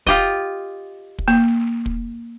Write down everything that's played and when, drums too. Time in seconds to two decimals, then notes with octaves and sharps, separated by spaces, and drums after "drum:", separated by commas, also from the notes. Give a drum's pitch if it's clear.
0.07 F4 G4 D#5, drum: kick
1.19 drum: kick
1.28 A#3
1.86 drum: kick